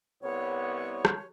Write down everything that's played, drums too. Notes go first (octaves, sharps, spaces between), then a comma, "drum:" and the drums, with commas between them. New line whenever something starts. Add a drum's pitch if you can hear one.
C2 B3 C#5
drum: rim click